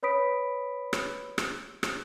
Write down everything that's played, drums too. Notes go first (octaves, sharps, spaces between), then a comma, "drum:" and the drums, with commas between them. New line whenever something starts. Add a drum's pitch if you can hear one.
B4 C#5 B5 D#6 B6 D7
drum: rim click
drum: rim click
drum: rim click